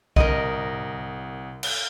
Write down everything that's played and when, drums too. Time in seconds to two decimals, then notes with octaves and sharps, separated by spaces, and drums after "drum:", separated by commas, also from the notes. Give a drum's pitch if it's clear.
0.16 C2 A#4 D#5, drum: kick B1
1.63 drum: cymbal